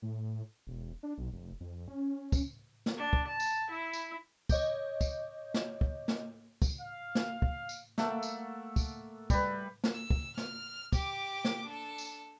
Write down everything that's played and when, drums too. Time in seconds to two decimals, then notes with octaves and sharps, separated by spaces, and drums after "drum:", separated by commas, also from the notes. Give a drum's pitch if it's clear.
0.02 A2
0.67 E1
1.03 D4
1.18 B1
1.33 F1
1.60 F2
1.88 C#4
2.32 drum: kick, tambourine
2.86 drum: snare
2.97 D4
3.13 drum: kick
3.28 A5
3.40 drum: tambourine
3.71 E4
3.93 drum: tambourine
4.49 C#5 D#5 D6 G6, drum: kick, tambourine
5.01 drum: kick, tambourine
5.54 drum: snare
5.81 drum: kick
6.08 drum: snare
6.62 drum: kick, tambourine
6.80 F5
7.15 drum: snare
7.42 drum: kick
7.69 drum: tambourine
7.98 A3 A#3 A4 F#5, drum: snare
8.23 drum: tambourine
8.76 drum: kick, tambourine
9.30 G3 B4, drum: kick, tambourine
9.84 drum: snare
9.94 E6
10.10 drum: kick
10.37 F6, drum: snare
10.93 G4 D6, drum: kick, tambourine
11.45 drum: snare
11.66 D4 A4
11.98 drum: tambourine